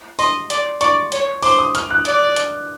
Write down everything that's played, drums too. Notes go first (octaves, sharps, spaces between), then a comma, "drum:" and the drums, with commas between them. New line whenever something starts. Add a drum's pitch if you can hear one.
D#5 C6, drum: open hi-hat
D5, drum: hi-hat
D5 C#6, drum: hi-hat
C#5, drum: hi-hat
C5 D6, drum: open hi-hat
D#6
F6, drum: hi-hat
F#6
D5, drum: hi-hat
drum: hi-hat